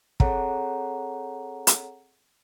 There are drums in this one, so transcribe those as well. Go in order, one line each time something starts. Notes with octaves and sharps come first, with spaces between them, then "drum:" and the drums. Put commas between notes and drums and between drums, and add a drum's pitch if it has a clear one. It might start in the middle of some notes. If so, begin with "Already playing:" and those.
C4 G#4 A4 C#5 F#5 A#5, drum: kick
drum: hi-hat